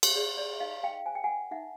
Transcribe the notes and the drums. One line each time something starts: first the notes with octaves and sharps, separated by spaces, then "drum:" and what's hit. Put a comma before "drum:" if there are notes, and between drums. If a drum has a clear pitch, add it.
drum: cymbal
G#4 D5
D5
E5
D#4 D#5 F5
F5 G5
C5 G#5
G5
F#5 G#5
D#4 E5 F#5